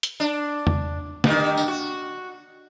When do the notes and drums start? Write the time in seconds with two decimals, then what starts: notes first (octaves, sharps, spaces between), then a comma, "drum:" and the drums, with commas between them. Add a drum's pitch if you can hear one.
0.03 drum: hi-hat
0.20 D4
0.67 drum: tom E2
1.24 G2 D#3, drum: snare
1.57 drum: tambourine
1.68 F#4